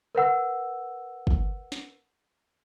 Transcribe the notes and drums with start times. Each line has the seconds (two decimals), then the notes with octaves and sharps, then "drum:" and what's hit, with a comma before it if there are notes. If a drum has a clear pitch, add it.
0.15 A#4 B4 F#5 E6
1.27 drum: kick
1.72 drum: snare